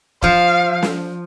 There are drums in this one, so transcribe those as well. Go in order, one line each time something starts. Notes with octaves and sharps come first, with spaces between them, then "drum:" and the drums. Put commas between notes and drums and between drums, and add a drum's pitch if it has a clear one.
F3 F5, drum: kick
drum: snare